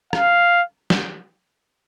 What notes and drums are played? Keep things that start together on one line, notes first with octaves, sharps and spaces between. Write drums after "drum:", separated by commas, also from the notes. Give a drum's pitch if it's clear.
F5, drum: rim click
drum: snare